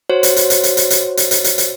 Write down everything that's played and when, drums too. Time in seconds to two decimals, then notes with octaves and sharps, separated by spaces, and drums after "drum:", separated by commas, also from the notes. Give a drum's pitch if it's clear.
0.10 F#4 C5 C#5
0.23 drum: hi-hat
0.36 drum: hi-hat
0.50 drum: hi-hat
0.63 drum: hi-hat
0.77 drum: hi-hat
0.90 drum: hi-hat
1.17 drum: hi-hat
1.31 drum: hi-hat
1.44 drum: hi-hat
1.58 drum: hi-hat